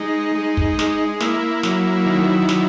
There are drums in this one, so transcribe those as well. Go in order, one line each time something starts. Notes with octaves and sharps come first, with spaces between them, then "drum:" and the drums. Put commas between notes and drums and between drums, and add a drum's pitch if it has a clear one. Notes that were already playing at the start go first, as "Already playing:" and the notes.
Already playing: G#3 D#4
G#3
drum: kick
G#3, drum: snare
A#3 E4, drum: snare
F#3, drum: snare
D#3
F#3, drum: snare